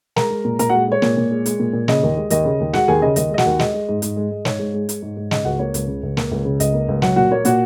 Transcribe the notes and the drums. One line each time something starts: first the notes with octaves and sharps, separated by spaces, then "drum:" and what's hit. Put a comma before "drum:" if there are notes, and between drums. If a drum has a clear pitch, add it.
G#3 A#4 A#5, drum: snare
G#3
A#2
A#2 A#4 A#5, drum: hi-hat
G#3 F#4 F#5
G#3 C#5
A#2, drum: snare
A#2
G#3
G#3, drum: hi-hat
A#2
A#2
C#3 D#5, drum: snare
D#2
G#3
D#2 D#5, drum: hi-hat
C#3
D#2
G#3 F#4 F#5, drum: snare
D#2 G#4 G#5
C#3 D#5
D#2 D#5, drum: hi-hat
G#3 D#5
F#4 F#5, drum: snare
D#2
G#3 D#5, drum: snare
G#3
G#2
G#2, drum: hi-hat
G#3
G#3
G#2 C#5, drum: snare
G#2
G#3
G#3, drum: hi-hat
G#2
G#2
C#3 D#5, drum: snare
C#2 F#4 F#5
A#3 C#5
C#2, drum: hi-hat
C#3
C#2
A#3, drum: snare
C#2
C#3
C#2 D#5, drum: hi-hat
A#3
C#2
F#3 F#4 F#5, drum: snare
A#2 F#4 F#5
A#3 C#5
A#2 F#4 F#5, drum: hi-hat